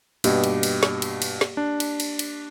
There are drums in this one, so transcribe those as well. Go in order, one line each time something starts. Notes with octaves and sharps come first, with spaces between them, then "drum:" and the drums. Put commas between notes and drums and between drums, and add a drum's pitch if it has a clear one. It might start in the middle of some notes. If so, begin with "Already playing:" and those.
G2 B2 A#3 G4 D#5, drum: cymbal
drum: cymbal
drum: cymbal
drum: snare
drum: cymbal
drum: cymbal
drum: snare
D4
drum: cymbal
drum: cymbal
drum: cymbal